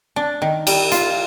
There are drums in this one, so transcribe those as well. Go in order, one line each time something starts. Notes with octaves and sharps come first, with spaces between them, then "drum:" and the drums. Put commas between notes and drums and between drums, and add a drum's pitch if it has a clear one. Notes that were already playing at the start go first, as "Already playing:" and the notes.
D4
D#3
G3, drum: cymbal
F4, drum: hi-hat